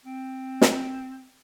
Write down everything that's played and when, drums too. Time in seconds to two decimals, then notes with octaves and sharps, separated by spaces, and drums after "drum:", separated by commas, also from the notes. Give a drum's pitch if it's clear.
0.06 C4
0.61 drum: snare